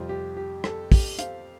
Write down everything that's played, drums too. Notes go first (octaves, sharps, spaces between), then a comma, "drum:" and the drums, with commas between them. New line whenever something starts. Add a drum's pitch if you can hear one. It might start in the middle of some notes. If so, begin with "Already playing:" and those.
Already playing: F2 C3 G3 C4 F4 C5
G4
G4
A4, drum: rim click
G4, drum: kick, open hi-hat
C5 F5, drum: hi-hat